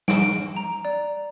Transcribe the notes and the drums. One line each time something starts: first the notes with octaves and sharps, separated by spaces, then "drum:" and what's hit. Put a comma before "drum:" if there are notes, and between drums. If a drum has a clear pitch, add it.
D7, drum: snare
A#5
D5